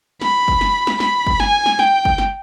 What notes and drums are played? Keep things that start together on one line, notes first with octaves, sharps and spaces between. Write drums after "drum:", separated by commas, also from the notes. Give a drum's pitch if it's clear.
B5, drum: snare
drum: kick
drum: snare
drum: snare
B5, drum: snare
drum: kick
G#5, drum: snare
drum: snare
G5, drum: snare
drum: kick
drum: snare